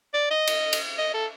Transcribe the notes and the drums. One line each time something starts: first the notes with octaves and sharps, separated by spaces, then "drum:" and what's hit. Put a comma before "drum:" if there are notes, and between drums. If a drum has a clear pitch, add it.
D5
D#5
drum: cymbal
drum: cymbal
D#5
A4